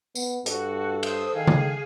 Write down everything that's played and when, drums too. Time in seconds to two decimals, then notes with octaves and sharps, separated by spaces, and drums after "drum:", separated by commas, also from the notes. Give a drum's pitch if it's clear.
0.15 B3, drum: tambourine
0.46 G2 F#4 A4, drum: hi-hat
1.03 C5 D#6, drum: cymbal
1.35 D#3 G#4 F5
1.47 drum: tom C#3